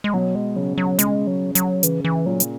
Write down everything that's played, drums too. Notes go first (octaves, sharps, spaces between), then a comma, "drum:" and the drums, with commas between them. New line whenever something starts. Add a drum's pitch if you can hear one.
G#3
B2 F#3
G#3
C#3 F#3
F#3
C#3 G#3, drum: hi-hat
F#3
F#3, drum: hi-hat
C#3 E3, drum: hi-hat
E3
A#2 F#3
drum: hi-hat